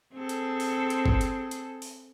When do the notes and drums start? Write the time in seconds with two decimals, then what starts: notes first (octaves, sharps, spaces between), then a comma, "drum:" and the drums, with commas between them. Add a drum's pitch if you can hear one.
0.14 C4 G#4 A4
0.29 drum: hi-hat
0.60 drum: open hi-hat
0.90 drum: hi-hat
1.06 drum: kick G1
1.21 drum: hi-hat
1.51 drum: hi-hat
1.82 drum: open hi-hat